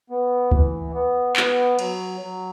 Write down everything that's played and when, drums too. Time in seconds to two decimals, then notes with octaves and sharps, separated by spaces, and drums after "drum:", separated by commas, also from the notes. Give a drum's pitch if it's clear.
0.10 B3
0.52 E3, drum: kick C#2
0.94 B3
1.36 B3, drum: clap
1.79 F#3, drum: cymbal
2.21 F#3